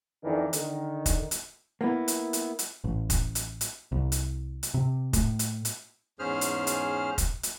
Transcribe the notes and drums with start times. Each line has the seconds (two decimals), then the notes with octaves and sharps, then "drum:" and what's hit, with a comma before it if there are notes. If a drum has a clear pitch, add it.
0.24 F2 D#3 E3 D4 D#4
0.53 D3 D#3, drum: hi-hat
1.06 drum: kick F1, hi-hat
1.31 drum: hi-hat
1.81 A#3 B3 E4
2.08 drum: hi-hat
2.33 drum: hi-hat
2.59 drum: hi-hat
2.84 A1
3.10 drum: kick F1, hi-hat
3.35 drum: hi-hat
3.61 drum: hi-hat
3.92 C2
4.12 drum: hi-hat
4.63 drum: hi-hat
4.74 C3
5.13 A2, drum: kick F1, hi-hat
5.39 drum: hi-hat
5.65 drum: hi-hat
6.19 E2 G#2 C#4 G#4 C5 F6
6.41 drum: hi-hat
6.67 drum: hi-hat
7.18 drum: kick F1, hi-hat
7.43 drum: hi-hat